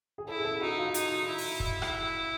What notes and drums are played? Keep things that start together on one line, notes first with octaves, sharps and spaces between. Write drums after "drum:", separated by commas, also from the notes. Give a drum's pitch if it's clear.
G#4
E4 A4
G#4
A4
D#4 F#4
F4
D#4, drum: hi-hat
E4
drum: open hi-hat
drum: kick
drum: rim click